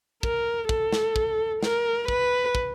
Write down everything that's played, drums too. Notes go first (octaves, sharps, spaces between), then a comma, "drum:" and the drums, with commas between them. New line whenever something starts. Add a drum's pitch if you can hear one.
A#4, drum: kick
A4, drum: kick
drum: snare
drum: kick
A#4, drum: snare
B4, drum: kick
drum: kick